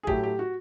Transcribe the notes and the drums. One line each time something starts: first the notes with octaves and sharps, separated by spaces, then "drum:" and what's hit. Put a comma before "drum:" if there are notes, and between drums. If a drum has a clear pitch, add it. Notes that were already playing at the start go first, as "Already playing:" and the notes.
G#4
A2 F#3 A3 G4, drum: kick G#1
G4
F#4